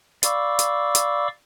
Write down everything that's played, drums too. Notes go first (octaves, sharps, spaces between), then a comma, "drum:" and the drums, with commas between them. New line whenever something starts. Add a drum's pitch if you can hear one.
D5 F5 B5 C#6 D6 E6, drum: hi-hat
drum: hi-hat
drum: hi-hat